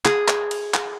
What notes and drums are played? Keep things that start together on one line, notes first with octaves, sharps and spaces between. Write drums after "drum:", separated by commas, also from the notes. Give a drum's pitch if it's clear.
G#4, drum: clap
drum: clap
drum: cymbal
drum: clap